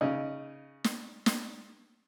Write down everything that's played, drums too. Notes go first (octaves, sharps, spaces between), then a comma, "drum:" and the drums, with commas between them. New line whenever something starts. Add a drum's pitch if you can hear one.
C#3 D#4
drum: snare
drum: snare